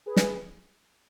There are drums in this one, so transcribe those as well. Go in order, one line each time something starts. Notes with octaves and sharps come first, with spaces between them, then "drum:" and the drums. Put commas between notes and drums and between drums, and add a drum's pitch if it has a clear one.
G#4 B4
drum: snare